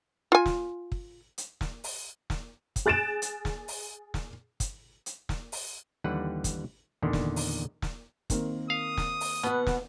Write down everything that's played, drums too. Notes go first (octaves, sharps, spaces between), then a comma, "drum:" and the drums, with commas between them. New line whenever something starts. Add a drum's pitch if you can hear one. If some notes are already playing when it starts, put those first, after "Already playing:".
F4 G#5
drum: snare
drum: kick
drum: hi-hat
drum: snare
drum: open hi-hat
drum: snare
drum: kick, hi-hat
G#4 F#6 A6 D7 E7
drum: hi-hat
drum: snare
drum: open hi-hat
drum: snare
drum: kick, hi-hat
drum: hi-hat
drum: snare
drum: open hi-hat
D#2 D3 E3 G3 B4 F#5
drum: kick, hi-hat
E2 A#2 D3 D#3
drum: snare
drum: open hi-hat
drum: snare
D#3 A#3 C4, drum: kick, hi-hat
F5 D#6
drum: snare
drum: open hi-hat
B2 B3 F#5
drum: snare